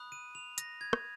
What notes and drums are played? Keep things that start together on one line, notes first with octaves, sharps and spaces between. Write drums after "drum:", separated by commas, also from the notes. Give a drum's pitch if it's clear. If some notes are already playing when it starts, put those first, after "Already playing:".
Already playing: B5 D#6 F#6
D#7
F7
A#6, drum: hi-hat
G#6
drum: rim click